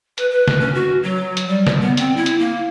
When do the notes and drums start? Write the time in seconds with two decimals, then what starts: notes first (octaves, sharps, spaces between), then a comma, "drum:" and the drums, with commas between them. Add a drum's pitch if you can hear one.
0.18 B4, drum: hi-hat
0.31 B4
0.48 drum: snare
0.60 C#4
0.74 F#4
1.03 F#3
1.37 drum: hi-hat
1.48 G3
1.67 drum: snare
1.81 B3
1.97 C4, drum: hi-hat
2.16 E4
2.26 drum: hi-hat
2.39 A#3